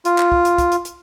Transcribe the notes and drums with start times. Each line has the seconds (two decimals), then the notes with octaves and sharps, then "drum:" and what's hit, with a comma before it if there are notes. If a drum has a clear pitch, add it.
0.05 F4, drum: hi-hat
0.18 drum: clap
0.32 drum: kick
0.45 drum: hi-hat
0.58 drum: kick, hi-hat
0.72 drum: hi-hat
0.85 drum: hi-hat